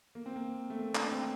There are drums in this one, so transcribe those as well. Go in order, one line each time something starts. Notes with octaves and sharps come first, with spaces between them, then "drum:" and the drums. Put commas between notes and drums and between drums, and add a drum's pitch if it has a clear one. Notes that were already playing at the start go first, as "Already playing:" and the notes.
A#3
C4
A#3
A3
A#3
D4, drum: clap
C4